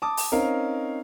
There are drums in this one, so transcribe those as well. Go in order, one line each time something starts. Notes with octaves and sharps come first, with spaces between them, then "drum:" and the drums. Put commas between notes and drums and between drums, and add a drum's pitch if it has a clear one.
A5 D6 D#6
drum: open hi-hat
C4 C#4 D#4 A#4 F5